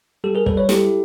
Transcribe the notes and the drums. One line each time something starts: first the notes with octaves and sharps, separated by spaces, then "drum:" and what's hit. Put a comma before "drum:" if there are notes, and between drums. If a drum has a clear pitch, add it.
G3 G4 A4
G#4 A#4
G3 A4 B4, drum: kick
B4 C#5
E4 G4 A4, drum: snare